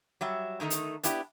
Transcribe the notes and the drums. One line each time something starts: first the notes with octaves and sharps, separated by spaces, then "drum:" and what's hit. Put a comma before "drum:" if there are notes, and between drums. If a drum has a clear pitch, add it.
F#3 G3 E5
D3 D#3 A3 D#4
drum: hi-hat
B3 D4 E4 G4, drum: hi-hat